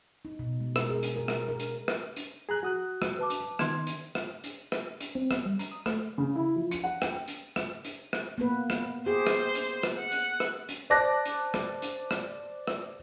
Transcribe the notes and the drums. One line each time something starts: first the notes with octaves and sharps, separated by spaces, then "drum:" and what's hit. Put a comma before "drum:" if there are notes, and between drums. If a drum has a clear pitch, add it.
D#4
B2
G#3
A#4, drum: rim click
G#4
drum: hi-hat
A#4
A#4, drum: rim click
A#4
drum: hi-hat
drum: rim click
drum: hi-hat
G#4 A#5 F#6
F#4 D#6 F#6
drum: rim click
B4 A5 D6
drum: hi-hat
D#3 B3 C6 G#6, drum: rim click
drum: hi-hat
drum: rim click
drum: hi-hat
drum: rim click
drum: hi-hat
C4
B3, drum: rim click
G3
A#5, drum: hi-hat
D#6
A3, drum: rim click
C#3
E4
F3
C#7, drum: hi-hat
F#5
G5, drum: rim click
drum: hi-hat
drum: rim click
drum: hi-hat
drum: rim click
A#3 B3 B4
drum: rim click
G4 G#4 C5
drum: rim click
drum: hi-hat
drum: rim click
F#5
drum: hi-hat
drum: rim click
drum: hi-hat
C5 D5 A5 D6 F#6 A#6
drum: hi-hat
drum: rim click
drum: hi-hat
drum: rim click
drum: rim click